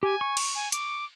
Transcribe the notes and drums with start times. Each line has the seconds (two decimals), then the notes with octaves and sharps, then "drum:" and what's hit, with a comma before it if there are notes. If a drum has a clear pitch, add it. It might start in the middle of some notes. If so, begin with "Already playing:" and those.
0.03 G4 G#5
0.21 C#6
0.37 drum: cymbal
0.55 G#5
0.72 D6, drum: hi-hat